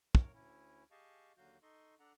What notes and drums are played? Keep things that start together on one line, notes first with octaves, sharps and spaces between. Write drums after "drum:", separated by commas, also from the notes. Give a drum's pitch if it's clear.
A#4 C#5, drum: kick
D2 C#4 E4
G4 G#4 D#5 F5 A5 C#6
D#2 D3 F#3 F#4 F5 G6
D#4 A4 D#5 C6 C#6
D4 A4 F#5 A#5